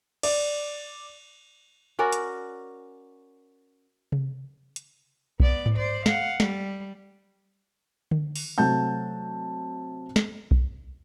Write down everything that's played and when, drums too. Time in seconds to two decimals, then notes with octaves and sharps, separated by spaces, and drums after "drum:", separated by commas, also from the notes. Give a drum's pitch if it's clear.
0.23 D5, drum: cymbal
1.99 C#4 F#4 A#4 D5
2.12 drum: hi-hat
4.12 drum: tom C3
4.76 drum: hi-hat
5.40 B3 D5, drum: kick B1
5.66 drum: tom G#2
5.75 C5 D5
6.06 F5 F#5, drum: snare
6.40 G3, drum: snare
8.11 drum: tom D3
8.36 drum: open hi-hat
8.58 C3 F#3 A3 F#4 A5 G6
10.16 drum: snare
10.51 drum: kick B1